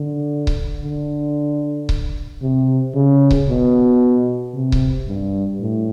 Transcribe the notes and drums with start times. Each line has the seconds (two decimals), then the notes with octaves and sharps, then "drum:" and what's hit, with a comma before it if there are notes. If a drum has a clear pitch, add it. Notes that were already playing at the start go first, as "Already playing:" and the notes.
Already playing: D3
0.47 drum: kick C#1
0.83 D3
1.89 drum: kick C#1
2.42 C3
2.95 C#3
3.31 drum: kick C#1
3.49 B2
4.54 C3
4.72 drum: kick C#1
5.07 G2
5.61 A2